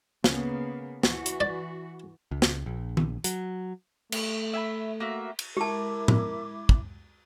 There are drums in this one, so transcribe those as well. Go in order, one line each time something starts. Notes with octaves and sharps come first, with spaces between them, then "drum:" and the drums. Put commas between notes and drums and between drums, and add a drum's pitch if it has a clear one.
C#3 A#3 B3, drum: snare
E3 F#4, drum: snare
drum: hi-hat
D5
C#2
drum: snare
A#1
drum: tom D#3
F#3, drum: hi-hat
A3, drum: cymbal
E5 G#5 B5
A#3 F#4 E5
drum: cymbal
G#3 E4 G4 A#4 A5 D6 G#6
drum: tom A2
drum: kick